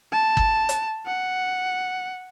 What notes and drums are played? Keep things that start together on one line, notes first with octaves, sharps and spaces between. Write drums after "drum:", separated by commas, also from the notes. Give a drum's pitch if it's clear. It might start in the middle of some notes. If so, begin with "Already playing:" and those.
A5
drum: kick
drum: hi-hat
F#5